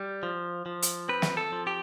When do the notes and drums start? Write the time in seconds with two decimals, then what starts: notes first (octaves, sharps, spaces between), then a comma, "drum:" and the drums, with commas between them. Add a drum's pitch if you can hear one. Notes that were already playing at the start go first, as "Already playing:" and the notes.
Already playing: G3
0.23 F3
0.66 F3
0.82 drum: hi-hat
1.09 C4 B4
1.22 drum: snare
1.37 A4
1.52 F3
1.67 G4